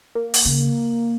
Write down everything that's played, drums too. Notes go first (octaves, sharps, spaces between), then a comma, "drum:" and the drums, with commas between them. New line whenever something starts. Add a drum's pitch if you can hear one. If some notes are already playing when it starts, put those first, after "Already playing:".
A#3
drum: open hi-hat
C#3